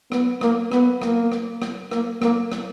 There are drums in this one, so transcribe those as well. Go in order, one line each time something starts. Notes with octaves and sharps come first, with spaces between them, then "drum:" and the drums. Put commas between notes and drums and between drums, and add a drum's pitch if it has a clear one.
B3, drum: rim click
A#3, drum: rim click
B3, drum: rim click
A#3, drum: rim click
drum: rim click
drum: rim click
A#3, drum: rim click
A#3, drum: rim click
drum: rim click